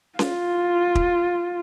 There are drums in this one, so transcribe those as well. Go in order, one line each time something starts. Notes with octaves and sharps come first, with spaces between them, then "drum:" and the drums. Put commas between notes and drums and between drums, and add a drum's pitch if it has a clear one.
F4, drum: snare C#4
drum: kick